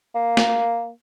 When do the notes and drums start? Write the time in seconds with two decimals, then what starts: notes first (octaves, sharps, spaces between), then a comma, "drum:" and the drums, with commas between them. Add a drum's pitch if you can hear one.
0.15 A#3
0.37 drum: snare